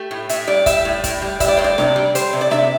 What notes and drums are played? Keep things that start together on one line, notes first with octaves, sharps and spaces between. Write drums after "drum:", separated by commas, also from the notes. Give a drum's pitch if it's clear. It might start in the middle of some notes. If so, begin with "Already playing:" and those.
Already playing: A3 G4
A2
A2 E5, drum: hi-hat
G3 D5
G3 E5, drum: kick, hi-hat
A2
A2, drum: kick, hi-hat
G3
G3 E5, drum: kick, hi-hat
D5
A2 C5
D5
C3, drum: snare D4
G3
G3 C5, drum: hi-hat
C3
D5
C3 E5, drum: snare D4